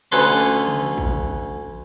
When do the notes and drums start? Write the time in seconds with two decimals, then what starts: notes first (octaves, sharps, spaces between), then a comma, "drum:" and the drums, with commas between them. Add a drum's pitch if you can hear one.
0.12 D2 C#4 A4 B4 C6
0.67 drum: tom C3
0.98 drum: kick